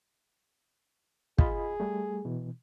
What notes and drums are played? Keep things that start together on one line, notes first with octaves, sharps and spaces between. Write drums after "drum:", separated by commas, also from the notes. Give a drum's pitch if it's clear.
F4 G#4 D#5 B5, drum: kick
G3 A3
B2 E3